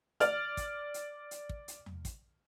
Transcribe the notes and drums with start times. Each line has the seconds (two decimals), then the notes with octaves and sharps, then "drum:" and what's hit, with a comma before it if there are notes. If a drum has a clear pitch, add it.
0.20 D5 F6, drum: hi-hat
0.57 drum: kick, hi-hat
0.94 drum: hi-hat
1.31 drum: hi-hat
1.49 drum: kick
1.68 drum: hi-hat
1.86 drum: tom E2
2.05 drum: kick, hi-hat